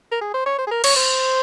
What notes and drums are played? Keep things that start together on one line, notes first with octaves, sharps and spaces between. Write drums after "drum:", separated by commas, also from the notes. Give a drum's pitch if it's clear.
A#4
G#4
C5
C#5
C5
G#4
A#4
C#5, drum: cymbal
C5